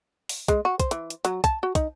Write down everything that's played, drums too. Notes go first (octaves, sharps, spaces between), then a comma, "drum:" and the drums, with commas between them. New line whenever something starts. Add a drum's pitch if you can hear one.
drum: open hi-hat
G#3, drum: kick, hi-hat
F#4
C5, drum: kick, hi-hat
E3, drum: hi-hat
drum: hi-hat
F#3, drum: hi-hat
A5, drum: kick, hi-hat
F#4
D#4, drum: kick, hi-hat